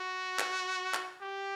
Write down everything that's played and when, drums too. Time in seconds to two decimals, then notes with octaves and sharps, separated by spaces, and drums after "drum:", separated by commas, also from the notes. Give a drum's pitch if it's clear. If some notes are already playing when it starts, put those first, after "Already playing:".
Already playing: F#4
0.39 drum: clap
0.94 drum: clap
1.22 G4